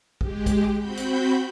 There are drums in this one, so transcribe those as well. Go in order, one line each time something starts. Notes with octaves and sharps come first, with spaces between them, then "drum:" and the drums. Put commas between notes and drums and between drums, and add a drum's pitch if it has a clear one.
G#3 G4, drum: kick
drum: kick, hi-hat
C4 F#4 B5 G6
drum: hi-hat